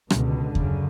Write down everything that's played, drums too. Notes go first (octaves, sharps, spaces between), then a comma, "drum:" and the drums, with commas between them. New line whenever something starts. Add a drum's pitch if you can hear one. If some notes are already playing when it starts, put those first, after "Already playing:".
C#2 B2 D3, drum: rim click
F#2 C#3, drum: kick D#2